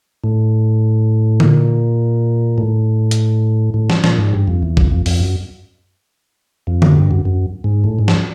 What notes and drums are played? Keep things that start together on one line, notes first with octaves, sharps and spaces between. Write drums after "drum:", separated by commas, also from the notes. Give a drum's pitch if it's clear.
A2
A#2, drum: tom D3
A2
drum: hi-hat
A2
drum: snare
A#2, drum: snare
G#2
G2
F2
E2
F2, drum: kick A#1
F2
F2, drum: open hi-hat
F#2
F2
F#2, drum: tom D3
G2
F#2
F#2
G#2
A2
G#2
drum: snare